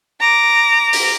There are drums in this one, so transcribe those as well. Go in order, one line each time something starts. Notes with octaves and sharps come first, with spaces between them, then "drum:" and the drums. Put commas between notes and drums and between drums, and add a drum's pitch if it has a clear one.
A#5 D6
drum: open hi-hat